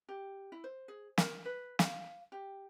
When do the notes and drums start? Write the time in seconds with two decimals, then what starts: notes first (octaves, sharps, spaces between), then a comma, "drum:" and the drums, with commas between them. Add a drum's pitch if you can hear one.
0.09 G4
0.52 E4
0.64 C5
0.88 G#4
1.18 A#4, drum: snare
1.45 B4
1.79 F5, drum: snare
2.32 G4